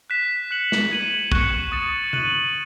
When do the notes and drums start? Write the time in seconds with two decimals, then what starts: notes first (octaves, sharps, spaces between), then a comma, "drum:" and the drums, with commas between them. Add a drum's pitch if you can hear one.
0.10 F#6 B6 E7
0.51 F#6 C#7 F#7
0.72 drum: snare
0.91 G#6 B6 D#7 F#7
1.32 C#6 F#6 C#7 F#7, drum: kick
1.72 D#6 A6 C#7
2.13 F#6 A6 D#7 F#7, drum: tom C#3